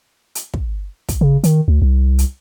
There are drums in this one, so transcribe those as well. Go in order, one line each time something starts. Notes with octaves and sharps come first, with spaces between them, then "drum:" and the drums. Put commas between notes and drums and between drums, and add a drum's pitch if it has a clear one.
drum: hi-hat
drum: kick
drum: kick, hi-hat
C#3
D#3, drum: hi-hat
D2
C2
drum: hi-hat